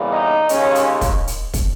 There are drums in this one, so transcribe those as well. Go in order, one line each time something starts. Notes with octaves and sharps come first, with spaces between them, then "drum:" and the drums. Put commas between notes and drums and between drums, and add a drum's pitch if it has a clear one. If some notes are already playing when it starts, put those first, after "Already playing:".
Already playing: E2 C#3 G3 A#3
D#4
D#2 C#3 G#3 C#4, drum: hi-hat
drum: hi-hat
drum: kick, hi-hat
drum: hi-hat
drum: kick, hi-hat